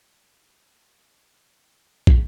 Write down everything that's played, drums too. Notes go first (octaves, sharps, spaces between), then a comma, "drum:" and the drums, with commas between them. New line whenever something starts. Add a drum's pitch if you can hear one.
F#4 G#4 D#5 G5
E4 A#5 B5 C#6
F#4
F#4 G#4 F#5
drum: kick